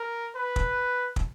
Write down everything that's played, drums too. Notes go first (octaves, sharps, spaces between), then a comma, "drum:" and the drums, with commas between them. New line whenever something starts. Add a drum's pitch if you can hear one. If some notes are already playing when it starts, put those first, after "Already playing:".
Already playing: A#4
B4
drum: kick
drum: kick